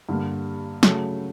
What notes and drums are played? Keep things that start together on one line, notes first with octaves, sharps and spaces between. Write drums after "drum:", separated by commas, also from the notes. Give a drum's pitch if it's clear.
G2 D3 G3 A#3
C#3 F#3 A3, drum: snare